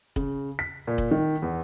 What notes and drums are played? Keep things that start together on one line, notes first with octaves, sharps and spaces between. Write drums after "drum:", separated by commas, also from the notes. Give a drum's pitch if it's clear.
C#3, drum: kick
B6
A#2
drum: kick
D#3
E2